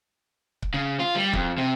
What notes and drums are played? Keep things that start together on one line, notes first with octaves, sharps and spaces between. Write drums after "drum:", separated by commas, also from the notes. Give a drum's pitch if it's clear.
drum: kick C#1
C#3
F4
G3
F2, drum: kick C#1
C3